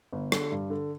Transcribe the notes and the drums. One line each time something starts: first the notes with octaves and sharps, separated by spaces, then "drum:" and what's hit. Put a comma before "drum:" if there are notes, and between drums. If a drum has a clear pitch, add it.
G1
D3, drum: rim click
G2
D3